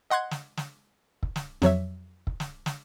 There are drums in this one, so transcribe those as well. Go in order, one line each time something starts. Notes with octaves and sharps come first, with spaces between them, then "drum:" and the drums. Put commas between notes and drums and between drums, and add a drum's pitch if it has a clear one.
D#5 F#5 C6 F#6 G#6
drum: snare
drum: snare
drum: kick
drum: snare
F2 F#3 C#5 E5, drum: snare
drum: kick
drum: snare
drum: snare